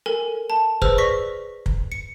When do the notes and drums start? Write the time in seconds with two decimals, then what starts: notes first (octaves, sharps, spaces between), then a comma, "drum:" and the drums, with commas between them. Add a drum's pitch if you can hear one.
0.06 A4 A#4 G#5
0.50 A5
0.82 G#4 B4 C5 E6 F6, drum: kick
0.98 D5 C#6 A#6 B6
1.66 drum: kick
1.92 C#7